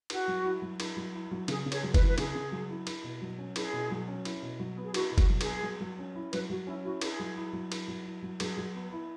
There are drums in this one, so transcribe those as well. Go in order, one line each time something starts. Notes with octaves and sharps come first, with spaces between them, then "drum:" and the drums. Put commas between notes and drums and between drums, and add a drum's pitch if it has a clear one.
E4 F#4, drum: cymbal
F#3
E4
F#3
E4, drum: cymbal
F#3
E4
F#3
C#3 G#4, drum: cymbal
C#3
G#4 C#5, drum: cymbal
F#3
B4, drum: kick, cymbal
E4
B4
C#3 G#4, drum: cymbal
C#3
F#3
E4
E4, drum: cymbal
B2
F#3
C#4
E4 G#4, drum: cymbal
B2
F#3
C#4
E4, drum: cymbal
B2
F#3
B3
G#4
E4 F#4, drum: cymbal
B2
F#4, drum: kick, cymbal
F#3
G#4, drum: cymbal
B3
F#3
F#3
C#4
E4
F#3 B4, drum: cymbal
F#3 F#4
C#4 E4
E4 F#4
E4 G#4, drum: cymbal
F#3
E4
F#3
E4, drum: cymbal
F#3
E4
F#3
F#3 G#4, drum: cymbal
F#3
B3
E4